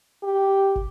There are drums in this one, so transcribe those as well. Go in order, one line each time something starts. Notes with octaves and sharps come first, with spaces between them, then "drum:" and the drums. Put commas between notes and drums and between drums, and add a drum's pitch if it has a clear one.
G4
drum: kick